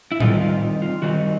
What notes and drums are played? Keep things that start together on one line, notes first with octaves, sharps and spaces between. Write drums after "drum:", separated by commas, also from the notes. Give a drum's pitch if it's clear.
E4
D#3 G3 C4 D#4 F4, drum: tom A2
F4
F4
D#3 G3 C4 D#4 F#4